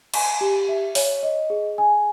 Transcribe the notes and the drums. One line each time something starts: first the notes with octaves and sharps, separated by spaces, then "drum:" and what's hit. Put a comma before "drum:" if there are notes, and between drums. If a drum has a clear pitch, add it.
G#5, drum: cymbal
G4
E5
C#5, drum: open hi-hat
D#5
G#4
G#5